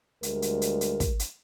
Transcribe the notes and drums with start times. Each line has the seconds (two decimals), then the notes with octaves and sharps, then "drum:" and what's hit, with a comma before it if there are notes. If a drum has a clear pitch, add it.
0.23 D2 G3 G#3 A#4, drum: hi-hat
0.42 drum: hi-hat
0.62 drum: hi-hat
0.81 drum: hi-hat
1.00 drum: kick, hi-hat
1.19 drum: hi-hat